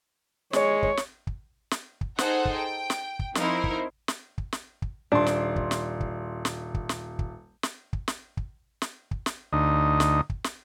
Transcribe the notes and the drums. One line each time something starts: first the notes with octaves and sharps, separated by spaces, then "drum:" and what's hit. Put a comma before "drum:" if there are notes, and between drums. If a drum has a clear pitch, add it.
G#3 C#5, drum: snare
drum: kick
drum: snare
drum: kick
drum: snare
drum: kick
D#4 G#4 A4 C5 F#5, drum: snare
drum: kick
G5
drum: snare
drum: kick
F3 C4 D#4 E4 A#4 C5, drum: snare
drum: kick
drum: snare
drum: kick
drum: snare
drum: kick
D#1 D4 C6
drum: snare
drum: kick
drum: snare
drum: kick
drum: snare
drum: kick
drum: snare
drum: kick
drum: snare
drum: kick
drum: snare
drum: kick
drum: snare
drum: kick
drum: snare
D2 D#4
drum: snare
drum: kick
drum: snare